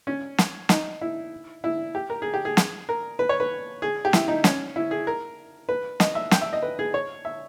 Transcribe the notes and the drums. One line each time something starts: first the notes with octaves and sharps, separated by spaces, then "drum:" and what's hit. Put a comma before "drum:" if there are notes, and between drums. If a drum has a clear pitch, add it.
C#4
drum: snare
D#4, drum: snare
E4
E4
G4
A#4
G#4
G4
G#4
drum: snare
A#4
B4
C#5
B4
G#4
G4
E4, drum: snare
D#4
C#4, drum: snare
E4
G#4
A#4
B4
D#5, drum: snare
E5
G5, drum: snare
E5
D#5
B4
G#4
C#5
E5